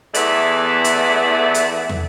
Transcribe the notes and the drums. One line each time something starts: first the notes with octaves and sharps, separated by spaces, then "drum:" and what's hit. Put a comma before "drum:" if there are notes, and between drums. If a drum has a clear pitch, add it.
E2 E3 A3 B3 D5 E5, drum: hi-hat
drum: hi-hat
drum: hi-hat
drum: tom